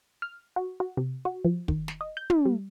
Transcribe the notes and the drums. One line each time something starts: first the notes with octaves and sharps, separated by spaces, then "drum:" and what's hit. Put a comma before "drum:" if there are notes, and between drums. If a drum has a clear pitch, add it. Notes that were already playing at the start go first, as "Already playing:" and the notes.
F6
F#4
F#4
C3
F#4
F3
D#3, drum: kick
drum: snare
D#5
G6
drum: tom
G3